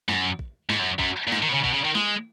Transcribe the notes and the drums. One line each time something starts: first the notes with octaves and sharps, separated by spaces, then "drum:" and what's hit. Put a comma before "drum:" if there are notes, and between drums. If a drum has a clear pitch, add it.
F#2, drum: snare
drum: kick
G#2, drum: snare
F#2
F#2, drum: kick
A#2
G#2, drum: snare
D#3
B2
C#3
B2, drum: kick
C#3
D#3
G#3, drum: snare